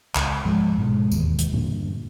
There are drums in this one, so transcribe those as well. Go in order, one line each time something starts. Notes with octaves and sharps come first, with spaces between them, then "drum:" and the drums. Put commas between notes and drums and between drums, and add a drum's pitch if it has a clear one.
C#2, drum: clap
G#2 F3 G#3
G#2 B2 G#3
E1 D#2, drum: tambourine
drum: hi-hat
G2 A#2 D3